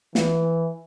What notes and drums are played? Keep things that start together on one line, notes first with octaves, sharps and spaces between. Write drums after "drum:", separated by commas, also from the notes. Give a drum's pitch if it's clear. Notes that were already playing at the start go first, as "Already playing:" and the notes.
E3, drum: snare